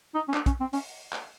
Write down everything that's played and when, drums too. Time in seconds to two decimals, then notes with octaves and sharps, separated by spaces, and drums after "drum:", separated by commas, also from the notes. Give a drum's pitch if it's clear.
0.14 D#4
0.28 C#4
0.34 D4, drum: clap
0.46 C#4, drum: kick, hi-hat
0.60 C4
0.73 C#4, drum: open hi-hat
1.12 drum: clap